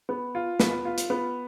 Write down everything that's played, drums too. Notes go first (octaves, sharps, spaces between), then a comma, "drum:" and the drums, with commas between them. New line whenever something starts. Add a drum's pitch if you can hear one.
B3
F4
B3, drum: snare
F4
drum: hi-hat
B3